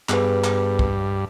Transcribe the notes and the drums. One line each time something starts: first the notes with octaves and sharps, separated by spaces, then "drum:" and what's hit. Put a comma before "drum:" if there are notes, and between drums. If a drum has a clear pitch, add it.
G2 B3 G#4 B4, drum: clap
drum: clap
drum: kick